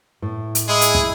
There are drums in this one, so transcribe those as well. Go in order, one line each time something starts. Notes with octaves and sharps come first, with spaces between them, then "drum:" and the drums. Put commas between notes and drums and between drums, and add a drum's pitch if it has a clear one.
A2
drum: hi-hat
G#3 E4 G#4
drum: hi-hat
drum: kick